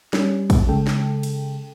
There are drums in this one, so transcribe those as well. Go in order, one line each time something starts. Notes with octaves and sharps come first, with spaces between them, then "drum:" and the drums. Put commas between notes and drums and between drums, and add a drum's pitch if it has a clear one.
G3 C#4, drum: snare
drum: kick, cymbal
C#3 G#3 A4 G5
drum: snare
drum: cymbal